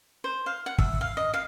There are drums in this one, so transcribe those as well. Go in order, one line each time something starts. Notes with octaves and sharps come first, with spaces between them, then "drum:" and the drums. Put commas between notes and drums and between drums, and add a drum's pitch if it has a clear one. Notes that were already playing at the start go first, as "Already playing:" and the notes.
C5
F5
F#5
E5, drum: kick
F5
D#5
F5